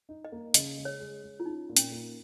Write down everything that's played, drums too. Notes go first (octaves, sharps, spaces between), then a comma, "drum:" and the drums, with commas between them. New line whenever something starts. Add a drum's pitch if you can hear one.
D#4
D#5
A#3
C#3 D#5, drum: hi-hat
G#3
C#5
G#3
G#3
F4
C#4 D#4
A#2
C#4, drum: hi-hat
A#3